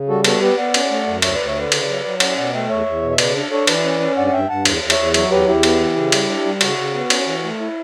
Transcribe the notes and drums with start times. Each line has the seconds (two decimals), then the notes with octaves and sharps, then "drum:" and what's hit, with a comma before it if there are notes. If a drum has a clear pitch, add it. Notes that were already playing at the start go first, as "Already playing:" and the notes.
Already playing: C#3
0.09 G3 F#4 A4
0.24 B3 F#4 A4, drum: cymbal
0.41 B3 G4 B4
0.57 B3 D5 F#5
0.74 C#4, drum: cymbal
0.90 A3
1.07 F#2
1.22 D2 C#5 E5, drum: cymbal
1.35 D2 B4 D5
1.47 C#5 E5
1.56 D3 B4 D5
1.72 C#3, drum: cymbal
1.88 F#3
2.05 F#3
2.20 C#4 D5 F#5, drum: cymbal
2.37 B2 D5 F#5
2.53 A3 E5 G5
2.69 E2 C#5 E5
2.86 E2
3.02 B2
3.11 E5
3.18 C#3 B4 D5, drum: cymbal
3.35 D4
3.51 D4 A4 C#5
3.67 E3 B4 D5, drum: cymbal
3.84 C#4
4.00 C#4
4.17 G2 D5 F#5
4.27 F#5
4.32 G2 E5 G5
4.49 G2 F#5 A5
4.65 E2, drum: cymbal
4.82 E2
4.90 C#5 E5, drum: cymbal
4.98 E2
5.14 F#3 C#5 E5, drum: cymbal
5.30 E2 G4 B4
5.47 E2 E4 G4
5.63 B3, drum: cymbal
5.80 E3
5.95 C#3
6.12 G3, drum: cymbal
6.29 D4
6.45 G3
6.61 C#3 F#4, drum: cymbal
6.78 C#3
6.94 B3
7.10 C#4, drum: cymbal
7.26 E3
7.43 A3
7.60 E4